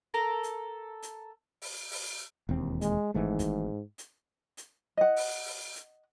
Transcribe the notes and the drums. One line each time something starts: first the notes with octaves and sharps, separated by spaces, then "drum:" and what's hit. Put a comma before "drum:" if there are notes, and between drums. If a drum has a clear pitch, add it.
A4 A#4 A#5
drum: hi-hat
drum: hi-hat
drum: open hi-hat
drum: open hi-hat
E1 D#2 C4
G#3, drum: hi-hat
G#1 G#2 E3 A3
drum: kick, hi-hat
drum: hi-hat
drum: hi-hat
D#5 F#5
drum: open hi-hat
drum: open hi-hat
drum: hi-hat